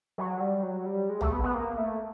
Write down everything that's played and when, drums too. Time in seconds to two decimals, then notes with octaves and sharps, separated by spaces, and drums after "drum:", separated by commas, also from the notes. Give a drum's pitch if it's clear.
0.18 F#3
0.40 G3
0.63 F#3
0.86 G3
1.10 G#3
1.21 A3, drum: tom
1.32 B3
1.44 B3
1.54 A#3
1.78 A3